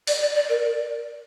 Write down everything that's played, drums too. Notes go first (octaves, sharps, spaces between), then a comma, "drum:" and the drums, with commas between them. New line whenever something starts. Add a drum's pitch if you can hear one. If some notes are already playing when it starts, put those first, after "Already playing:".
D5, drum: open hi-hat
D5
D5
A#4